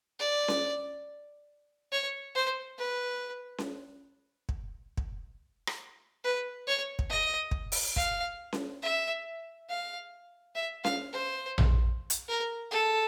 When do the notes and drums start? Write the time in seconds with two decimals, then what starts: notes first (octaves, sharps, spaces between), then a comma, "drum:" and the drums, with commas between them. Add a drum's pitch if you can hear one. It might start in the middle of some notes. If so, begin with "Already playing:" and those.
0.20 D5
0.48 drum: snare C#4
1.92 C#5
2.35 C5
2.79 B4
3.58 drum: snare C#4
4.49 drum: kick
4.97 drum: kick
5.67 drum: rim click
6.24 B4
6.67 C#5
6.99 drum: kick
7.10 D#5
7.51 drum: kick
7.72 drum: open hi-hat
7.96 F5, drum: kick
8.53 drum: snare C#4
8.83 E5
9.70 F5
10.55 E5
10.84 F5, drum: snare C#4
11.13 C5
11.58 drum: tom A#1
12.10 drum: hi-hat
12.28 A#4
12.72 A4